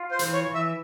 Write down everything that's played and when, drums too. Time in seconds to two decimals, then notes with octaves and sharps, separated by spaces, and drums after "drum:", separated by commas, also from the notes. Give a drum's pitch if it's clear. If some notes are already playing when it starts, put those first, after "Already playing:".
Already playing: F4
0.11 C5
0.19 E3, drum: hi-hat
0.33 C#5
0.47 E3
0.55 E5